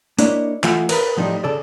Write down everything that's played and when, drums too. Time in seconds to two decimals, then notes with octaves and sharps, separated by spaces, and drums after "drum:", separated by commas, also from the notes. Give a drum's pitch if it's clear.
0.19 A#3 D4 E4 C#5 D#5, drum: hi-hat
0.64 E3 A3 F4 F#5, drum: clap
0.89 A#4 B4 B5, drum: cymbal
1.17 A2 F3 G3 C#4 D#4
1.44 C#3 A4 D5